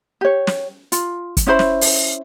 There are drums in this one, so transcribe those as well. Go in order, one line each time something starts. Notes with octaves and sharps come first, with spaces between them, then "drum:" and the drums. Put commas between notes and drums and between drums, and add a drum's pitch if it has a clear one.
G4 C#5
drum: snare
F4, drum: hi-hat
drum: kick, hi-hat
C#4 E4 C5 B5
drum: snare
drum: open hi-hat